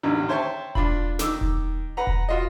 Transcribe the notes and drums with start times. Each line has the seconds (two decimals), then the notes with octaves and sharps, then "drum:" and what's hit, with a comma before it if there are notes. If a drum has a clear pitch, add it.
0.03 A1 E2 D3 D#3
0.29 C5 C#5 E5 G5 A5 C#6
0.75 D4 F4 B5, drum: kick E1
1.19 D#3 D6 E6, drum: snare
1.41 drum: kick E1
1.97 B4 F#5 A#5
2.07 drum: kick E1
2.29 F4 F#4 D#5